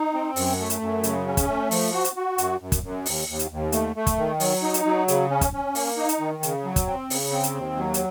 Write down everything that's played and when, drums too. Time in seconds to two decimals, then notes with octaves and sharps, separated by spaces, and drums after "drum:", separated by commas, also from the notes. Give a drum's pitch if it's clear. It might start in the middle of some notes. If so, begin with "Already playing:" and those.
Already playing: D#4
0.14 C4
0.36 F#2, drum: open hi-hat
0.59 A3
0.70 drum: hi-hat
0.81 F#2
1.03 C#3, drum: hi-hat
1.26 C#4
1.37 drum: kick, hi-hat
1.48 A3
1.71 F3, drum: open hi-hat
1.93 F#4
2.04 drum: hi-hat
2.16 F#4
2.38 F#2, drum: hi-hat
2.61 F#2
2.72 drum: kick, hi-hat
2.83 F#2
3.06 D#2, drum: open hi-hat
3.28 D#2
3.39 drum: hi-hat
3.51 D#2
3.72 A3, drum: hi-hat
3.96 A3
4.07 drum: kick, hi-hat
4.18 D#3
4.40 F#3, drum: open hi-hat
4.63 D#4
4.74 drum: hi-hat
4.85 F#3
5.08 C#3, drum: hi-hat
5.30 C#4
5.41 drum: kick, hi-hat
5.53 C#4
5.75 A#3, drum: open hi-hat
5.97 D#4
6.09 drum: hi-hat
6.20 D#3
6.43 C#3, drum: hi-hat
6.65 F#3
6.76 drum: kick, hi-hat
6.87 C4
7.10 C#3, drum: open hi-hat
7.32 C4
7.43 drum: hi-hat
7.55 D#2
7.77 F#3
7.94 drum: hi-hat